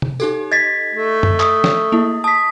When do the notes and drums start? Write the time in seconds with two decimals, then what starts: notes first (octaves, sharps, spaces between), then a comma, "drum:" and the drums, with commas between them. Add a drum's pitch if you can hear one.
0.02 drum: tom C3
0.20 D#4 G4 A4, drum: tambourine
0.52 D#5 G#6 A6 B6
0.94 A3
1.23 drum: tom F#2
1.40 D#6, drum: clap
1.64 drum: snare
1.92 A#3 E4
2.24 A5 D#6 B6